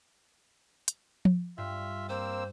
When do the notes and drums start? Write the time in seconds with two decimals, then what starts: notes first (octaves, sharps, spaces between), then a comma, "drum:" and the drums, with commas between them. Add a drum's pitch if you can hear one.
0.88 drum: hi-hat
1.25 drum: tom F3
1.58 G2 F4 E5
2.09 A#3 C4 C5 E6